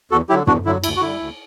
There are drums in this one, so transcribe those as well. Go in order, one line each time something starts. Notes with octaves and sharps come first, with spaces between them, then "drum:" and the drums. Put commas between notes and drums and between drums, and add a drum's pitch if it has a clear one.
E2 F#4 A4
D3 F#3 E4 G4
E2 D4 F#4, drum: tom
D3 F#3 E4
D2 E4, drum: cymbal
F#4
D3 G3 E4
D2